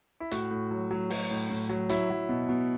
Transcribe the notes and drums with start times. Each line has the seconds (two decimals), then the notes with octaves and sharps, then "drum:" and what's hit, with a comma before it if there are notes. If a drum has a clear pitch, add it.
0.20 E4
0.31 A2 F#4, drum: hi-hat
0.51 A2
0.71 F#3
0.91 F#3
1.10 F#3, drum: open hi-hat
1.31 A2
1.50 A2
1.69 F#3
1.89 F#3 E4, drum: hi-hat
2.10 F#3
2.29 B2
2.49 B2